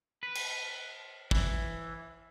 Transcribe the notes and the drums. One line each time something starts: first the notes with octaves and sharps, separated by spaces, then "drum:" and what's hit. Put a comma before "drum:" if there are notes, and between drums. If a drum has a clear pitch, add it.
B4
drum: cymbal
E3, drum: kick